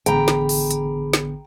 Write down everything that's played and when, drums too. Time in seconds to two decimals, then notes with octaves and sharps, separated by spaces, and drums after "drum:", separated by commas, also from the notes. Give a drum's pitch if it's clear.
0.06 A1 D3 B3 G#4 G5 A#5 B5, drum: hi-hat
0.28 drum: snare
0.49 drum: open hi-hat
0.71 drum: hi-hat
1.13 drum: snare